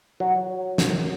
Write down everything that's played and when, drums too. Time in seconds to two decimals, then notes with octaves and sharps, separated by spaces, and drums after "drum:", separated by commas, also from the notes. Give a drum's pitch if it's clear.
0.20 F#3
0.78 drum: snare